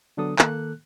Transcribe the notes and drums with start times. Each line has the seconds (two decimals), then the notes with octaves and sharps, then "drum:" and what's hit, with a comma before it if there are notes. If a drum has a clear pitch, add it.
0.17 D3 F#3 B3 D4 A4 D#6
0.39 D#3 A#3 A4 F#6, drum: clap